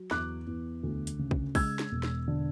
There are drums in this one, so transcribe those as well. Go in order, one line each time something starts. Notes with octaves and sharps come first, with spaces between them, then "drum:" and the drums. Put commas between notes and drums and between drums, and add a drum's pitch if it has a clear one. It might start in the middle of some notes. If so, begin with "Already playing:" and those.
Already playing: F#3
E2 D6 F#6, drum: snare
E2
D2
drum: hi-hat
C#3
drum: kick
G#3 E6 G#6, drum: kick, open hi-hat
drum: snare
E1
drum: snare
D3